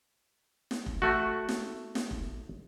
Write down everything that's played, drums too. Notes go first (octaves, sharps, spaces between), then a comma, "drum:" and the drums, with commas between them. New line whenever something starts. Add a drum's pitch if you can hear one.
drum: snare
drum: kick F1
A3 F#4
drum: snare
drum: snare
drum: kick F1